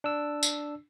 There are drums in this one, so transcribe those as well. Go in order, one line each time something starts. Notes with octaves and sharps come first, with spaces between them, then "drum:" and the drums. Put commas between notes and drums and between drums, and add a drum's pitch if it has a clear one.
D4 E6
drum: tambourine